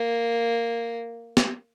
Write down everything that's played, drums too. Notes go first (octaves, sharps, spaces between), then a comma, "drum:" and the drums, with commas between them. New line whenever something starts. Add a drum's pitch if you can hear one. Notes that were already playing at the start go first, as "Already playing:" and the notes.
Already playing: A#3
drum: snare